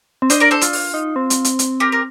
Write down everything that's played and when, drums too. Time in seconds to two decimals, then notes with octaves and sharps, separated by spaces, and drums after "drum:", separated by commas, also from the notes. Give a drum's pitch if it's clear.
0.22 C4
0.30 D4 C5 D#5, drum: hi-hat
0.40 A#4 D5
0.51 A4 C5
0.61 F4, drum: hi-hat
0.73 drum: open hi-hat
0.94 D#4
1.16 C4
1.30 drum: hi-hat
1.44 drum: hi-hat
1.59 drum: hi-hat
1.80 G4 A#4
1.92 A#4